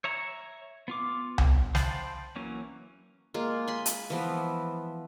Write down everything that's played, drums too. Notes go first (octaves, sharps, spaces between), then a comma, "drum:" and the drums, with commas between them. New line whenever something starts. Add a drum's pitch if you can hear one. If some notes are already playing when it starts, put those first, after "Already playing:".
C#5 E5 A#5
B3 F4 D6
drum: tom C2
C5 F5 G5 A5 B5, drum: snare
E3 F#3 A#3 C#4
G#3 A#3 F4
G#5 B5 C6
drum: hi-hat
E3 F3 B3